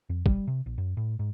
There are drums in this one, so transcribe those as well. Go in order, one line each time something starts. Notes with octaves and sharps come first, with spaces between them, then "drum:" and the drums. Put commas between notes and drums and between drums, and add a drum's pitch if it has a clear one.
F2
G3, drum: kick
C3
A#1
F#2
A2
G#2